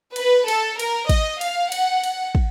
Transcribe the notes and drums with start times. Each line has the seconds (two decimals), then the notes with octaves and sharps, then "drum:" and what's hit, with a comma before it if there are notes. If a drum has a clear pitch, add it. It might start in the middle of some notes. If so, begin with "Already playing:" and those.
0.16 B4, drum: cymbal
0.48 A4, drum: cymbal
0.79 A#4, drum: cymbal
1.09 D#5, drum: kick, cymbal
1.41 F5, drum: cymbal
1.72 F#5, drum: cymbal
2.04 drum: cymbal
2.35 drum: kick